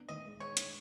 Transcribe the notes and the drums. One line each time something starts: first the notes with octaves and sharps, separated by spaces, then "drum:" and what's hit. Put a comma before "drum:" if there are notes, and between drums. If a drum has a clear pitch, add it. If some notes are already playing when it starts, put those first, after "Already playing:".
Already playing: B3 D4
D#3 D#5
G#3
G#3 C#5
D4, drum: hi-hat